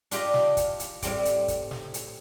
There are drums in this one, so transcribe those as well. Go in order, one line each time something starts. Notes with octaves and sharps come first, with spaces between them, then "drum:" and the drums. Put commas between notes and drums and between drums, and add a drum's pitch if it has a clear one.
D4 F4 G4 D5 D#5, drum: hi-hat
drum: snare
drum: kick, hi-hat
drum: hi-hat
A2 G3 C4 D5, drum: kick, hi-hat
drum: hi-hat
drum: kick, hi-hat
drum: snare
drum: hi-hat